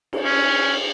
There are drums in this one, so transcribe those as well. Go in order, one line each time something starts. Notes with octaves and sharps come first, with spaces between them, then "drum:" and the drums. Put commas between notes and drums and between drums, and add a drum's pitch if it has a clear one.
drum: cymbal
C#4